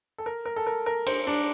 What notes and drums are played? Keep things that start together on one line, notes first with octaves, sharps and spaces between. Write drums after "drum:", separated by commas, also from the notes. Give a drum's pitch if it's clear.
A4
A#4
A#4
A4
A#4
A#4
C5, drum: cymbal
D4